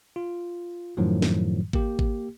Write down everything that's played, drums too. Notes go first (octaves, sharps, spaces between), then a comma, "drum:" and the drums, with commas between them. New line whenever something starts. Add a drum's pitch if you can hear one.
F4
F#2 A2 D#3 F3 F#3
drum: snare
A#3 G4, drum: kick G#1
drum: kick G#1